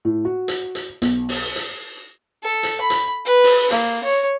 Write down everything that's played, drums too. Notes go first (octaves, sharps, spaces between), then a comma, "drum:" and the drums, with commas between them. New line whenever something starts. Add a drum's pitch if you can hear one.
A2
F#4
drum: hi-hat
drum: hi-hat
B1, drum: hi-hat
drum: open hi-hat
drum: hi-hat
A4
drum: hi-hat
B5
drum: hi-hat
B4
drum: open hi-hat
A#3, drum: hi-hat
C#5